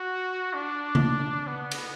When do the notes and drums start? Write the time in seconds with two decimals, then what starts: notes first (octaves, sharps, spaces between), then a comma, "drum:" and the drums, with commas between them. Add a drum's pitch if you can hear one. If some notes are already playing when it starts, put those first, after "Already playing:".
Already playing: F#4
0.54 D4
0.95 drum: tom C#3
1.48 B3
1.71 drum: cymbal